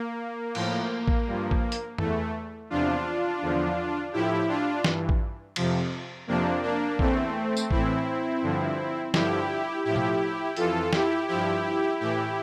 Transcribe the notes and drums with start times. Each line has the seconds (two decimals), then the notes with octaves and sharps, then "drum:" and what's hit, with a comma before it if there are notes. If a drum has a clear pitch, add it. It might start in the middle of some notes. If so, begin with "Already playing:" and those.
Already playing: A#3
0.55 A2 F3, drum: cymbal
1.08 drum: kick A1
1.27 G2 F3
1.51 drum: kick A1
1.72 drum: hi-hat
1.98 E2 E3 A3, drum: tom
2.70 E2 C3 F3 D4 F4
3.42 E2 D3 F3
4.13 A2 F3 E4 G4
4.48 D4 F4
4.84 G2 E3, drum: snare
5.09 drum: kick A1
5.56 F2 C3 F3, drum: cymbal
6.27 F2 C3 F3 A#3 D4
6.63 A#3 D4
6.99 E2 E3 A3 C4, drum: kick A1
7.57 drum: tambourine
7.71 A2 E3 C4 E4, drum: kick A1
8.42 G2 D3 F3
9.14 G2 D3 F3 E4 G4, drum: snare
9.85 A2 F3 E4 G4
9.96 drum: tom B2
10.56 F2 E3 F4 A4, drum: hi-hat
10.93 E4 G4, drum: snare
11.28 G2 F3 E4 G4
12.00 A2 E3 E4 G4